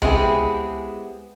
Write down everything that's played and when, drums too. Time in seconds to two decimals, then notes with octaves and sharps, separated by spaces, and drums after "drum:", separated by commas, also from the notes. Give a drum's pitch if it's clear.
0.02 G#3 B3 C4 E4 G4 G#4, drum: tom C#2